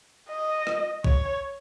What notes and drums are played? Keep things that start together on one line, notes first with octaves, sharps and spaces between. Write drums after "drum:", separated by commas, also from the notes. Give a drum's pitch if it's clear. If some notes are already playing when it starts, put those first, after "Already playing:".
D#5
drum: rim click
C#5, drum: kick